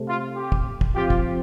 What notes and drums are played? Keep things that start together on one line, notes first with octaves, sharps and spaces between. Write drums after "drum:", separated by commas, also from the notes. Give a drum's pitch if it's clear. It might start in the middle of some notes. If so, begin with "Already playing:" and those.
Already playing: C3 A3 C4
F4
G4
drum: kick
drum: kick
F3 C4 F4 G4
drum: kick